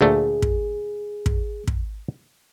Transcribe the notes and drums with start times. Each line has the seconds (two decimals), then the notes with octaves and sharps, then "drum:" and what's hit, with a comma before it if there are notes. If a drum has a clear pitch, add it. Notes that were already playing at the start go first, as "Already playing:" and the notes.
0.01 D2 A#2 A3 G#4
0.42 drum: kick
1.26 drum: kick
1.67 drum: kick